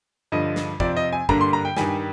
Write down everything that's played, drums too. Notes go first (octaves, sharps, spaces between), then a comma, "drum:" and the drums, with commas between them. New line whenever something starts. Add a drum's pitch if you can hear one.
G2 D3 F3 D#5
drum: snare
F2 C3 F3 C4 D5, drum: kick
D#5
G#5
G2 D3 G3 A#3 D4 A#5, drum: kick
C6
A#5
G5
G2 D#3 G3 G#5, drum: snare